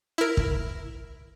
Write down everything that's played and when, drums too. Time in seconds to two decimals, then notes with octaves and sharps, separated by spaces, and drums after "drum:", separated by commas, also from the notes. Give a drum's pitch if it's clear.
0.18 E4 A#4
0.37 drum: kick